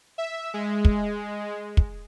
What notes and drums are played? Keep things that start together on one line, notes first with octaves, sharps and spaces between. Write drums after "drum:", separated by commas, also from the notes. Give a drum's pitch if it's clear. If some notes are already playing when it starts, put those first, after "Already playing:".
E5
G#3
drum: kick
drum: kick